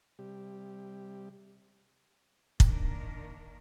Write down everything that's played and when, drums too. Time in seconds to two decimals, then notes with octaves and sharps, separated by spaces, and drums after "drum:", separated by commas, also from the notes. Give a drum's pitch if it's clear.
0.19 C3 G3 G4
2.60 D#3 A#3 D4 A#4, drum: kick